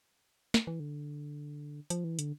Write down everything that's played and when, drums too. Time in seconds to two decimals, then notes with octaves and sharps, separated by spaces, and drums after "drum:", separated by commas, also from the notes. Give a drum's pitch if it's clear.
0.54 drum: snare
0.67 E3
0.80 D3
1.90 F3, drum: hi-hat
2.04 E3
2.19 D3, drum: hi-hat